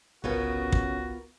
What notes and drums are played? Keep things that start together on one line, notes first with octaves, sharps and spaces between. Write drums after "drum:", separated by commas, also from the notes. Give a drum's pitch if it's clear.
G1 C2 C#3 B3 C#4 F4 F#4 A#4
drum: kick